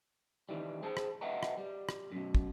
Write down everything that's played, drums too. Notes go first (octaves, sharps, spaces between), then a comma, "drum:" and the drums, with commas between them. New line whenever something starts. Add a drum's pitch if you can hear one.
D#3 E3 G3
G#4 C5 A5
drum: rim click
B4 D#5 E5 F#5 G5 A#5
drum: rim click
G3
drum: rim click
F#2 B2
drum: kick